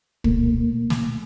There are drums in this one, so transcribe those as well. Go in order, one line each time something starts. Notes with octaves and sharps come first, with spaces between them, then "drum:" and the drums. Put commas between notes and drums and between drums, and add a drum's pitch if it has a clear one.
B2 A3 A#3, drum: kick
drum: snare